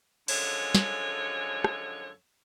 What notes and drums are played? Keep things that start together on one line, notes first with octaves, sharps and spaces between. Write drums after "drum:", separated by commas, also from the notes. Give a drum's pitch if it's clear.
F#2 D3 F3 G#3 A4 C#5, drum: cymbal
drum: snare
drum: rim click